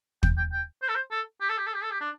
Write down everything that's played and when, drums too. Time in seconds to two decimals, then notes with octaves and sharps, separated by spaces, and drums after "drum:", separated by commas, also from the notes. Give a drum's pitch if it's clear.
0.23 G5, drum: kick
0.37 G5
0.52 G5
0.82 C5
0.89 A4
0.95 C5
1.11 A4
1.41 G4
1.50 A4
1.58 G4
1.67 A4
1.74 G4
1.83 A4
1.91 G4
2.01 D4